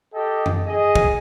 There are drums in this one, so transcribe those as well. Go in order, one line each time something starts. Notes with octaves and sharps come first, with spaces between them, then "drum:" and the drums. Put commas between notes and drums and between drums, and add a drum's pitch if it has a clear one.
G4 A4 D#5 G5
drum: tom F#2
G#4 D#5
drum: kick